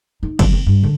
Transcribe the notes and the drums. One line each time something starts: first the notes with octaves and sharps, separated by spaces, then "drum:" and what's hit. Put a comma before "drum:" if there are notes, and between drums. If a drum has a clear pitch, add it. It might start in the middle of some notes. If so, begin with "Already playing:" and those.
D#4
F#3, drum: kick, cymbal
C4
G2
D3